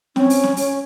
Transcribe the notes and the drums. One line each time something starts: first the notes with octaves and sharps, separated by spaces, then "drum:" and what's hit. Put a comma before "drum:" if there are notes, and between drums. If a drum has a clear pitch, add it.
C4 C#4, drum: snare
drum: open hi-hat
drum: snare
C#4, drum: open hi-hat